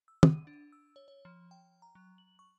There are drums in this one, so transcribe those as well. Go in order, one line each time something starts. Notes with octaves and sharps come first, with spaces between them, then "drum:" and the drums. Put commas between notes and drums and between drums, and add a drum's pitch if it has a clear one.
E6
D#7, drum: tom
D4
E6
C#5
C#5
F3
G5
A#5
F#3
F#7
C#6